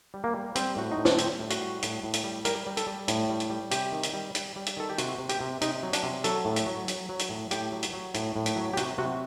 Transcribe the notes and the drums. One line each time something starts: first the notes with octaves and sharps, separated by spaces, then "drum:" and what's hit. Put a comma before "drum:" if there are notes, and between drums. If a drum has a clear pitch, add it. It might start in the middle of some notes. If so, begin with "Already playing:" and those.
G3
A#3
G3
G3 C4, drum: hi-hat
A2 F#4
D#4
A2
D4, drum: snare
G3 C4, drum: hi-hat
A2
F#4, drum: hi-hat
G3
A2, drum: hi-hat
A2
drum: hi-hat
G3
G3 A#4, drum: hi-hat
G3
A4, drum: hi-hat
G3
A2, drum: hi-hat
G3
drum: hi-hat
G3
C3 G4, drum: hi-hat
D#3
drum: hi-hat
G3
G3, drum: hi-hat
G3
drum: hi-hat
D#3 A4
G4
C3 F#4, drum: hi-hat
C3
G4, drum: hi-hat
C3
C3 D#4, drum: hi-hat
F#3
D4, drum: hi-hat
C3
F#3 A4, drum: hi-hat
A2
drum: hi-hat
F#3
F#3, drum: hi-hat
F#3
drum: hi-hat
A2
A2 G4, drum: hi-hat
F#3
drum: hi-hat
F#3
A2, drum: hi-hat
A2
drum: hi-hat
F#3
G4
C3 F#4, drum: hi-hat
C3 F#4